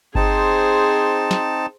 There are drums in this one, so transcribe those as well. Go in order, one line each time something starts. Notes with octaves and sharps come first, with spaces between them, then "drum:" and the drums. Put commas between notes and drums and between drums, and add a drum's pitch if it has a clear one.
C4 D#4 G#4 C5 A5, drum: kick G1
drum: snare